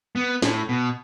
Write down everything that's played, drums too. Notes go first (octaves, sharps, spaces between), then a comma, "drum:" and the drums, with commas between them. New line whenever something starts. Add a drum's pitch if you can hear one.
B3
A2, drum: snare
B2